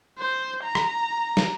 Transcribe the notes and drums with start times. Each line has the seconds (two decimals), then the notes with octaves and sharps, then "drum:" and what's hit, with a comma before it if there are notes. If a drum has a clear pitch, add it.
0.18 C5
0.63 A#5
0.75 drum: rim click
1.37 drum: snare